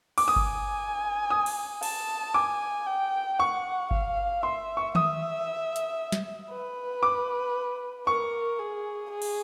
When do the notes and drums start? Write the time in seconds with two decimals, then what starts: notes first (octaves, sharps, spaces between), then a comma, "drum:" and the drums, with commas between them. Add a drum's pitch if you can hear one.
0.18 D6, drum: cymbal
0.27 G#5 D#6
0.36 drum: kick G1
1.30 D#6
1.46 drum: cymbal
1.83 A5, drum: cymbal
2.34 G#5 D6
2.86 G5
3.39 F#5 C#6
3.91 F5, drum: kick G1
4.42 E5 C6
4.77 C#6
4.95 E5 D#6, drum: tom D#3
5.76 drum: hi-hat
6.12 drum: snare
6.51 B4
7.03 D6
8.06 A#4 C#6
8.59 G#4
9.11 G#4
9.22 drum: cymbal